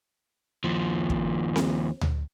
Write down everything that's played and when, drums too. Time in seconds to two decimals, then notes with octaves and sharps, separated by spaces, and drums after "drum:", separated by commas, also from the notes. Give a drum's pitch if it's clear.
0.64 D#2 F3
1.10 drum: kick
1.56 drum: snare C4
2.01 drum: tom D2